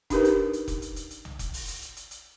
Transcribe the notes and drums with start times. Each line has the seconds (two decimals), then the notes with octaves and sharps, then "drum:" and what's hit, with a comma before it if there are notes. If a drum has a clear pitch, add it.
0.10 D4 D#4 G4 A#4 B4, drum: kick F1, hi-hat
0.25 drum: hi-hat
0.53 drum: hi-hat
0.68 drum: kick F1, hi-hat
0.82 drum: hi-hat
0.96 drum: hi-hat
1.11 drum: hi-hat
1.25 drum: tom B1
1.39 drum: kick F1, hi-hat
1.54 drum: open hi-hat
1.68 drum: hi-hat
1.82 drum: hi-hat
1.97 drum: hi-hat
2.11 drum: hi-hat